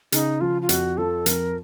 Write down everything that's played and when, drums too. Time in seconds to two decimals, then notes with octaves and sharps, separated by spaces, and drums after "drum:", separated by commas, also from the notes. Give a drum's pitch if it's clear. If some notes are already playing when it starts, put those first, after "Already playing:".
0.12 C#3 D#4, drum: hi-hat
0.41 F3 F4
0.62 F4
0.69 F2 F#4, drum: hi-hat
0.98 F3 A4
1.26 F2 A#4, drum: hi-hat